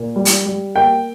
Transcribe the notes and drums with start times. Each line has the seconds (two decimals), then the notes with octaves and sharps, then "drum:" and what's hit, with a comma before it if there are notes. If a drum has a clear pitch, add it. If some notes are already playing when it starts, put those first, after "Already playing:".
Already playing: A#2
0.16 G3
0.25 drum: hi-hat
0.46 G3
0.75 A#3 G5